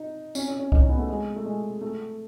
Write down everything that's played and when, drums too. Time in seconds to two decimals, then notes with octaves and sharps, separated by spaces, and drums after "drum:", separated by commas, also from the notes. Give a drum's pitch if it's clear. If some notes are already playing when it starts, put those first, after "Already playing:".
Already playing: D#4
0.35 C#4, drum: tambourine
0.48 C#4
0.59 C#4
0.72 D#4, drum: kick C2
0.81 C#4
0.90 B3
0.99 A3
1.09 G#3
1.36 A3
1.45 G#3
1.81 A3